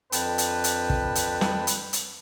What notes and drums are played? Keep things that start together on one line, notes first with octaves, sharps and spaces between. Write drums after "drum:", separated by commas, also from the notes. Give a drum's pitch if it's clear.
F2 D3 B4 G5 A5, drum: hi-hat
drum: hi-hat
drum: hi-hat
drum: kick
drum: hi-hat
drum: snare
drum: hi-hat
drum: hi-hat